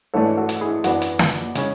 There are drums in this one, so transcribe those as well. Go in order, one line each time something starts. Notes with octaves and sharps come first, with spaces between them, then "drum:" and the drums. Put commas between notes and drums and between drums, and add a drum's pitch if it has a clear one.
G#2 E3 A3 D4 A4 C#5
F#4 A4
drum: hi-hat
E4 G#4
F#2 E3 B3 D4 F#4, drum: hi-hat
drum: hi-hat
drum: snare
C#3 G#3 C#4, drum: hi-hat